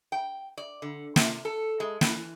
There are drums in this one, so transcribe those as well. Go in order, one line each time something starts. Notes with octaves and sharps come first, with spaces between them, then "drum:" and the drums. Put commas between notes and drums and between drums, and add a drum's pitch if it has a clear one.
G5
D5
D3
C3, drum: snare
A4
G#3
E3, drum: snare